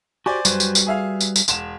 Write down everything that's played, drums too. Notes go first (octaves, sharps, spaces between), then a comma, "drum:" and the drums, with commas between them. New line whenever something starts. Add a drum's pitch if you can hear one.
F#4 G4 C5 D5 G#5
F#2 G3 F#4 B4 C5, drum: tambourine
drum: tambourine
drum: tambourine
G#4 E5 F5
drum: tambourine
drum: tambourine
E1 E7, drum: tambourine